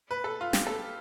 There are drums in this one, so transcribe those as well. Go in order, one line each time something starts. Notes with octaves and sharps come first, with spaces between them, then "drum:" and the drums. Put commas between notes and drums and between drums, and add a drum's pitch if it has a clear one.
B4
A4
F4
G4, drum: snare
A4